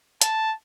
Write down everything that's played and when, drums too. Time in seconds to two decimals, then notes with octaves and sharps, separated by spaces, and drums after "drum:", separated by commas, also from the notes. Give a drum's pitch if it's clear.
0.21 A5, drum: hi-hat